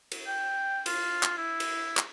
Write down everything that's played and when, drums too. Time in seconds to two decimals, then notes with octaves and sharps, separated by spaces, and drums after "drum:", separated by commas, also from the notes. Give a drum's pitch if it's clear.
0.12 drum: cymbal
0.27 G5
0.86 F4, drum: cymbal
1.23 drum: clap
1.37 E4
1.60 drum: cymbal
1.97 drum: clap